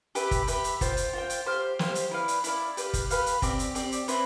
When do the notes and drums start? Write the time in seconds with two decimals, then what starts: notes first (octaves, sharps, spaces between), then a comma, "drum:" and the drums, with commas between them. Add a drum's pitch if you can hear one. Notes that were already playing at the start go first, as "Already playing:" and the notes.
0.15 G4 B4 E5, drum: hi-hat
0.31 drum: kick, hi-hat
0.47 G4 B4 E5, drum: hi-hat
0.64 drum: hi-hat
0.81 F4 C5 G5, drum: kick, hi-hat
0.97 drum: hi-hat
1.13 F4 C5 G5
1.30 drum: hi-hat
1.46 G4 C5 F5
1.79 G4 C5 F5, drum: snare
1.95 drum: hi-hat
2.11 E4 B4 D5 F5
2.28 drum: hi-hat
2.44 E4 B4 D5 F5, drum: hi-hat
2.77 G4 B4 F5, drum: hi-hat
2.94 drum: kick, hi-hat
3.10 G4 B4 F5, drum: hi-hat
3.26 drum: hi-hat
3.42 C4 G4 D5, drum: kick, hi-hat
3.59 drum: hi-hat
3.75 C4 G4 D5, drum: hi-hat
3.92 drum: hi-hat
4.08 C4 E4 B4, drum: hi-hat